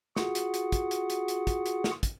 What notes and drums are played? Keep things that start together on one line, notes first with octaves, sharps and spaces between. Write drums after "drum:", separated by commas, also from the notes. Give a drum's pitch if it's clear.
F4 F#4 G#4 F#5, drum: snare
drum: hi-hat
drum: hi-hat
drum: kick, hi-hat
drum: hi-hat
drum: hi-hat
drum: hi-hat
drum: kick, hi-hat
drum: hi-hat
drum: snare
drum: kick, hi-hat